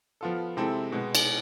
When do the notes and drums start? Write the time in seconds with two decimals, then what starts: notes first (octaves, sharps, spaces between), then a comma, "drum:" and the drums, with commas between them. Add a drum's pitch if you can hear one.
0.21 F3 B3 F4 A4
0.57 C3 G#3 C4 E4 A4
0.92 B2 G#3 B3
1.15 drum: cymbal